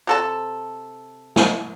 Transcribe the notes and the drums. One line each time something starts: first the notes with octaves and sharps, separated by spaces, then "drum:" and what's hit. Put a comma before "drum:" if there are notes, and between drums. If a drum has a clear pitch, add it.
C3 A4 A5
drum: snare